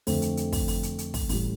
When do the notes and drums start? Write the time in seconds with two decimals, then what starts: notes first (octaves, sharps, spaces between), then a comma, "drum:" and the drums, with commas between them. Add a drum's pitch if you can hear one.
0.07 F2 D3 A3 C4, drum: open hi-hat
0.22 drum: hi-hat
0.37 drum: hi-hat
0.52 drum: kick, open hi-hat
0.68 drum: open hi-hat
0.83 drum: hi-hat
0.98 drum: hi-hat
1.14 drum: kick, open hi-hat
1.29 A1 A2 G3, drum: open hi-hat